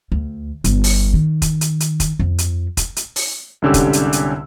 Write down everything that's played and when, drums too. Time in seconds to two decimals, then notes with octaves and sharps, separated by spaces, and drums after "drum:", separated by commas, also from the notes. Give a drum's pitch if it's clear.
0.12 D2
0.64 G1, drum: hi-hat
0.84 drum: open hi-hat
1.14 D#3
1.42 drum: kick, hi-hat
1.61 drum: hi-hat
1.80 drum: hi-hat
2.00 drum: kick, hi-hat
2.19 F2
2.38 drum: hi-hat
2.77 drum: kick, hi-hat
2.96 drum: hi-hat
3.16 drum: open hi-hat
3.62 C2 G#2 D3 C#4 G4 E6
3.74 drum: kick, hi-hat
3.93 drum: hi-hat
4.13 drum: hi-hat